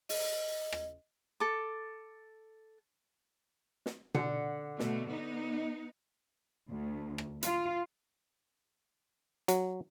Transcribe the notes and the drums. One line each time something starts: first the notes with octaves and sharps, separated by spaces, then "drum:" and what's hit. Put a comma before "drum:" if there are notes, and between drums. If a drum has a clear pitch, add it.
D#5, drum: open hi-hat
drum: rim click
A4 D6
drum: snare
D3 F#5, drum: tom B2
B2 A3, drum: snare
B3 D#4
D2
drum: rim click
F4, drum: hi-hat
F#3, drum: hi-hat